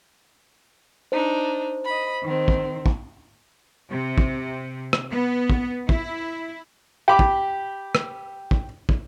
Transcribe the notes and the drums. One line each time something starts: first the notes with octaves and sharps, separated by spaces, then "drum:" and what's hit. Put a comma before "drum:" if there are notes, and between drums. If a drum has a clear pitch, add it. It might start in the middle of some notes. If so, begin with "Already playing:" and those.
D4 D#4 C5
D#5 B5
D#3 C4
drum: kick
drum: kick
C3
drum: kick
drum: rim click
B3
drum: kick
E4, drum: kick
G4 B5 D6
drum: kick
drum: rim click
drum: kick
drum: kick